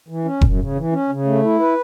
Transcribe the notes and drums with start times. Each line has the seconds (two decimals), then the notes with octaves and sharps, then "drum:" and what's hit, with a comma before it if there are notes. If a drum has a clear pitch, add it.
0.08 E3
0.25 C#4
0.41 F#2, drum: kick F1
0.59 C#3
0.75 E3
0.92 C#4
1.09 C#3
1.25 A3
1.43 E4
1.60 B4